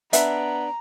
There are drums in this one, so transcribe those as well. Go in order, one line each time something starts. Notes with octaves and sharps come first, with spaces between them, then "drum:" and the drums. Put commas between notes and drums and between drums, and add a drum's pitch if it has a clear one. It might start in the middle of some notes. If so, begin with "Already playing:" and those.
B3 D4 E5 A#5, drum: hi-hat